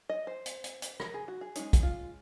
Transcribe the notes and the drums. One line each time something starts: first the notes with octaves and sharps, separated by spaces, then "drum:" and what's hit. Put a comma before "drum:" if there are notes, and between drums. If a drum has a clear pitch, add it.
D#5
C5
drum: hi-hat
drum: hi-hat
drum: hi-hat
A#4, drum: rim click
G#4
F#4
G#4
G#3 C#4 D#4, drum: hi-hat
drum: kick, hi-hat
F4